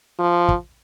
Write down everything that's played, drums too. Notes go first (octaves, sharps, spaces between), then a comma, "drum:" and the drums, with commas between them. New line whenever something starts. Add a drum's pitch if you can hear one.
F3
drum: kick